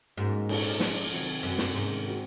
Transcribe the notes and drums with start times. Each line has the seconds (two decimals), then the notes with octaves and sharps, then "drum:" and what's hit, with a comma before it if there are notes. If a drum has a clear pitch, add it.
0.17 G#2 A#3 C#4 F#4
0.49 A#2 G#3 C#4 G#4 C5, drum: cymbal
0.80 F3 G#3 C#4, drum: snare
1.12 C3 D#3 F#3 C4 F#4
1.43 F#2 C3 F#3 C4
1.58 F#2, drum: snare
1.74 G#2 C3 D#3 A#3 C#4
2.06 G#3 C4 F#4